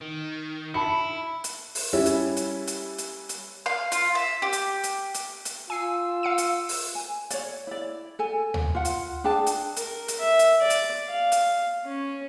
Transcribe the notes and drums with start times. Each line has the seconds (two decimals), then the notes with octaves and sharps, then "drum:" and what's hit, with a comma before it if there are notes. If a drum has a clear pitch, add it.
0.02 D#3
0.74 E4 A5 B5 C#7
1.44 drum: hi-hat
1.75 drum: open hi-hat
1.93 G3 C#4 E4
2.06 drum: hi-hat
2.37 drum: hi-hat
2.68 drum: hi-hat
2.98 drum: hi-hat
3.29 drum: hi-hat
3.66 F5
3.92 F4, drum: hi-hat
4.15 E5
4.42 G4
4.53 drum: hi-hat
4.84 drum: hi-hat
5.14 drum: hi-hat
5.45 drum: hi-hat
5.70 F4 G#5 E6 C7
6.23 F5 C#7 D#7
6.38 drum: hi-hat
6.69 drum: open hi-hat
6.95 G#5
7.31 C#5 D5, drum: hi-hat
7.67 E4 D5
8.19 A4 G#5
8.54 drum: tom
8.75 F4 F#5
8.85 drum: hi-hat
9.24 D4 G#4 G5 A5
9.47 drum: hi-hat
9.77 A#4, drum: hi-hat
10.08 drum: hi-hat
10.19 E5
10.39 drum: hi-hat
10.61 D5
10.70 drum: hi-hat
11.08 F5
11.32 drum: hi-hat
11.85 C#4